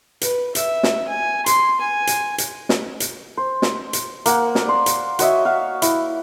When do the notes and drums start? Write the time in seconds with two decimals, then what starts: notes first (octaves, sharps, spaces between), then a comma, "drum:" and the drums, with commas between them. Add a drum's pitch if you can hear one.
0.21 B4, drum: hi-hat
0.55 E5, drum: hi-hat
0.83 drum: snare
1.08 G#5
1.46 C6, drum: hi-hat
1.80 G#5
2.07 drum: hi-hat
2.38 drum: hi-hat
2.69 drum: snare
3.00 drum: hi-hat
3.37 C5
3.62 drum: snare
3.93 drum: hi-hat
4.26 A#3 F#5, drum: hi-hat
4.55 drum: snare
4.66 D5 C6
4.86 drum: hi-hat
5.19 F#4 C#5 D#5 E5, drum: hi-hat
5.45 F#4 F5
5.82 E4, drum: hi-hat